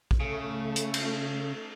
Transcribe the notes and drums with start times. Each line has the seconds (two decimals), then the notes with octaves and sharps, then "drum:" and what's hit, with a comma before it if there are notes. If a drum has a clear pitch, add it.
0.11 drum: kick A#1
0.20 C#3 A3
0.76 drum: hi-hat
0.94 drum: cymbal